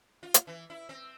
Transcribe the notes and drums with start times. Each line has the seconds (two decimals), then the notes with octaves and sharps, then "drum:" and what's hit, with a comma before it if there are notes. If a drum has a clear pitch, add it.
0.23 F4
0.34 drum: hi-hat
0.47 E3
0.70 E4
0.89 C4